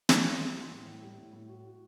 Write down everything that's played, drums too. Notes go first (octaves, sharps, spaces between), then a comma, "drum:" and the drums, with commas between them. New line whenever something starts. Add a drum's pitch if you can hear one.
G3, drum: snare
G3
G3
E3
A2
A2
G3
A2
A2
F#4
F#4